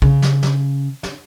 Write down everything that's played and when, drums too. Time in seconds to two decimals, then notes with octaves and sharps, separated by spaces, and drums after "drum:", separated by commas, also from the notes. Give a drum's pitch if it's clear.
0.02 C#3, drum: kick
0.22 drum: snare
0.43 drum: snare
1.03 drum: snare